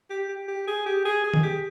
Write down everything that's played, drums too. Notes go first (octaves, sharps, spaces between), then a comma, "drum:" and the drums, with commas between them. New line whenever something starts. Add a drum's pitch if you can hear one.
G4
G4
G4
G#4
G4
G#4
G#4
drum: tom D#3
G4